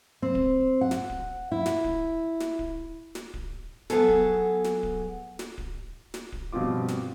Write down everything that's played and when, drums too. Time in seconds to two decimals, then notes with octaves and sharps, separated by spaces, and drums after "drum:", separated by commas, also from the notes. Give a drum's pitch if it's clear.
0.22 C4
0.35 drum: kick D1
0.81 F#5
0.91 drum: snare
1.10 drum: kick D1
1.52 E4
1.66 drum: snare
1.84 drum: kick D1
2.40 drum: snare
2.59 drum: kick D1
3.15 drum: snare
3.34 drum: kick D1
3.90 F#3 B3 G#4 A4, drum: snare
4.08 drum: kick D1
4.64 drum: snare
4.83 drum: kick D1
5.39 drum: snare
5.58 drum: kick D1
6.14 drum: snare
6.32 drum: kick D1
6.53 G2 B2 F3 C4 F4 D6
6.88 drum: snare